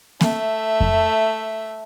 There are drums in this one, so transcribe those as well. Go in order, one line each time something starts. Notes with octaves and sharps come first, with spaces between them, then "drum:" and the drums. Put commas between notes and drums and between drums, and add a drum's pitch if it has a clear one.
A3 E5, drum: snare A#3
drum: kick F2